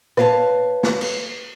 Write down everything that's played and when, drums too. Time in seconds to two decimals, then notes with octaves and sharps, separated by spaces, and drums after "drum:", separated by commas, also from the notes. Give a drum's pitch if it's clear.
0.17 B4 C#5 F5 G#5 A5, drum: rim click
0.83 drum: snare
1.01 drum: cymbal